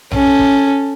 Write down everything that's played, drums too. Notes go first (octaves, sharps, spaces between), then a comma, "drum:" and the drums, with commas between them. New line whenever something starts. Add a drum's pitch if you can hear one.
C#4 A4, drum: tom A#1
drum: kick